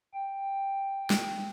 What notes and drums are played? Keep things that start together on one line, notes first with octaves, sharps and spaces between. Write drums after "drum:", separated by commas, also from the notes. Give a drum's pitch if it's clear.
G5
drum: snare